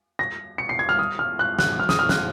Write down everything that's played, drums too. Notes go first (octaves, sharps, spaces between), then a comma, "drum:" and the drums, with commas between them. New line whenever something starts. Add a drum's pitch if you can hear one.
A#6
C#7
C7
G#6
F6
D#6
F6
F#6
F#6, drum: snare
F6
D#6, drum: snare
F6
F#6, drum: snare